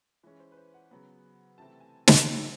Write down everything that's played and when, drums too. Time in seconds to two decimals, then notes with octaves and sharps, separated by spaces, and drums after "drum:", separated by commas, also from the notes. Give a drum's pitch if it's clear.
0.23 E3 G#3 C#4 B4
0.40 C5
0.52 B4
0.57 C5
0.74 F#5
0.91 C#3 F#3 B3
1.58 C3 E3 A3 C4 A5
1.80 G#5
2.07 drum: snare
2.26 D3 G3 A#3 G#5